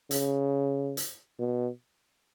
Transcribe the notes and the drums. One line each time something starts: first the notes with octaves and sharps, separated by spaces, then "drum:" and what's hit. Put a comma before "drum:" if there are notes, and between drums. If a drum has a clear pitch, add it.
C#3, drum: hi-hat
drum: hi-hat
B2